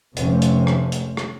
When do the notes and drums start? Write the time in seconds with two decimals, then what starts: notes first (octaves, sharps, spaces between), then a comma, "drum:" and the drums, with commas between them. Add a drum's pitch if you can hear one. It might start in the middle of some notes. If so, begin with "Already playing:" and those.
0.17 F1 C3 E3 F3 C4 C#4, drum: hi-hat
0.42 drum: hi-hat
0.67 drum: rim click
0.92 drum: hi-hat
1.17 drum: rim click